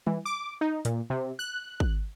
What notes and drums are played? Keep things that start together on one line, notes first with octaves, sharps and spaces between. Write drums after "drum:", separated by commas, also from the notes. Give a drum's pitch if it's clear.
E3, drum: tom G3
D6
D#4
A#2, drum: hi-hat
C3
F#6
drum: kick